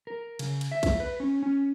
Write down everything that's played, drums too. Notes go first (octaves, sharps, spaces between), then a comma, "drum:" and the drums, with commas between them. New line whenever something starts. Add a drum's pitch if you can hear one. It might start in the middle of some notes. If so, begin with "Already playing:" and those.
A#4
C#3, drum: cymbal
drum: cymbal
E5
drum: kick, cymbal
B4
C#4
C#4